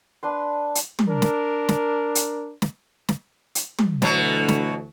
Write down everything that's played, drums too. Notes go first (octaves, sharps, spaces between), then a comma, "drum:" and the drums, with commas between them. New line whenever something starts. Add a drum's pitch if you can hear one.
D4 B4 C6
drum: hi-hat
drum: tom
D4 A#4
drum: snare
drum: snare
drum: hi-hat
drum: snare
drum: snare
drum: hi-hat
drum: tom
D2 B2 E3 F#3, drum: snare
drum: snare